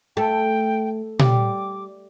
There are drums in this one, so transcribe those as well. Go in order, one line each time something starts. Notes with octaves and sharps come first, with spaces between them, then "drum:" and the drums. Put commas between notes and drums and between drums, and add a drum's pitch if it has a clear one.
A3 G5
G3 D6, drum: tom A#2